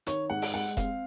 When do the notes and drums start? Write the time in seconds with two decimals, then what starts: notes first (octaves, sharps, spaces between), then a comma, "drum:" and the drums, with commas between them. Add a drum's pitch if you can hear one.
0.07 D#3 C#5, drum: hi-hat
0.30 G#2 F#5
0.42 drum: open hi-hat
0.54 G#3 F#5
0.77 C4 F5, drum: kick F1, hi-hat